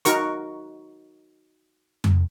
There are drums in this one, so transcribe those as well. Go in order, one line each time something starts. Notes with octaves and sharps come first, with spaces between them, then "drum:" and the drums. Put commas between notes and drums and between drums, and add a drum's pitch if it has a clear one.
D#4 F#4 A#4 C#6, drum: hi-hat
drum: tom F2